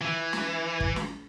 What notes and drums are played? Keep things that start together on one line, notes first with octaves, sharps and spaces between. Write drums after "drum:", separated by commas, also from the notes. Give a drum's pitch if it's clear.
E3
drum: snare
drum: kick
drum: snare